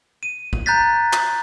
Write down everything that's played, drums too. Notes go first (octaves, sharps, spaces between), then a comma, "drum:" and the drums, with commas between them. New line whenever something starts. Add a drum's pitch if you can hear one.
D#7
drum: kick
A#5 F#6 G6 A6 B6
drum: clap